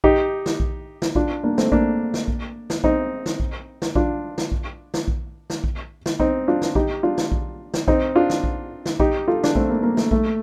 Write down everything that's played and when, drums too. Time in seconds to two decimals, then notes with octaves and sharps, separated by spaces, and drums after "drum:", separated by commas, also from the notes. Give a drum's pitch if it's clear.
0.04 D#4 G4, drum: kick A#1
0.46 drum: snare
0.60 drum: kick A#1
1.02 drum: snare
1.15 D4 F4, drum: kick A#1
1.44 A#3 D4
1.58 A3 C4, drum: snare
1.72 A#3 D4, drum: kick A#1
2.14 drum: snare
2.28 drum: kick A#1
2.70 drum: snare
2.84 C4 D#4, drum: kick A#1
3.26 drum: snare
3.40 drum: kick A#1
3.82 drum: snare
3.95 D4 F4, drum: kick A#1
4.38 drum: snare
4.52 drum: kick A#1
4.94 drum: snare
5.08 drum: kick A#1
5.50 drum: snare
5.64 drum: kick A#1
6.06 drum: snare
6.20 C4 D#4, drum: kick A#1
6.48 D4 F4
6.62 drum: snare
6.75 D#4 G4, drum: kick A#1
7.03 D4 F4
7.18 drum: snare
7.32 drum: kick A#1
7.74 drum: snare
7.88 C4 D#4, drum: kick A#1
8.16 D4 F4
8.30 drum: snare
8.44 drum: kick A#1
8.86 drum: snare
9.00 D#4 G4, drum: kick A#1
9.28 F4 A4
9.44 D4, drum: snare
9.55 A3 C4, drum: kick A#1
9.69 A#3
9.83 A#3
9.97 A3, drum: snare
10.11 A3, drum: kick A#1